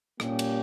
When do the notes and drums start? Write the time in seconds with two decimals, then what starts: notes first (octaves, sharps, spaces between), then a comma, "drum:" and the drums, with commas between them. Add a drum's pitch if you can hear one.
0.20 A#2 G3 A#3 C#4 G4, drum: rim click
0.39 drum: cymbal